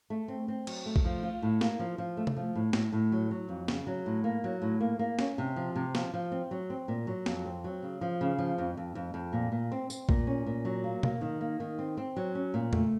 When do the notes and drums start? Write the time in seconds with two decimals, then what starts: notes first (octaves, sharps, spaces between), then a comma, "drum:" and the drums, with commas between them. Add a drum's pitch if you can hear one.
0.10 A3
0.28 C4
0.48 C4
0.67 F#3, drum: cymbal
0.86 A3
0.96 drum: kick
1.05 F3
1.23 F4
1.42 A2
1.61 A#3, drum: snare
1.79 F3
1.98 F3
2.17 A3
2.27 drum: tom C3
2.36 F3
2.55 A2
2.73 A2, drum: snare
2.93 A2
3.12 F#3
3.31 F#3
3.49 F2
3.68 C#3, drum: snare
3.87 F#3
4.06 A2
4.24 A#3
4.44 F#3
4.62 A2
4.80 A#3
4.99 A#3
5.19 C#4, drum: snare
5.38 C3
5.56 F3
5.76 C3
5.95 F3, drum: snare
6.14 F3
6.32 C4
6.51 F#3
6.70 C4
6.88 A#2
7.07 F#3
7.26 F2, drum: snare
7.45 C4
7.64 F#3
7.83 C#3
8.01 F3
8.21 C#3
8.38 F3
8.58 F2
8.77 F2
8.95 F2
9.14 F2
9.33 A#2
9.52 A#2
9.72 C4
9.90 C4, drum: tambourine
10.09 A#2, drum: kick
10.27 C#4
10.46 A#2
10.65 F#3
10.84 A#3
11.03 A#3, drum: tom B2
11.21 D#3
11.41 A#3
11.60 D#3
11.79 C4
11.97 C4
12.17 F#3
12.35 C#4
12.54 A#2
12.73 A3, drum: tom E2